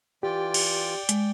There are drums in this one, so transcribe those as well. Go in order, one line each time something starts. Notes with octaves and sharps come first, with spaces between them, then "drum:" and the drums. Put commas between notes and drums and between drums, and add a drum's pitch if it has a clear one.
E3 F4 G4 D5 G5
drum: cymbal
G#3, drum: hi-hat